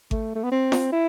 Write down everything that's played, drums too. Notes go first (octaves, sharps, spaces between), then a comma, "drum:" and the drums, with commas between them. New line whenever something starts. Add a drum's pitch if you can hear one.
A3, drum: kick G#1
A3
B3
C4
drum: snare
E4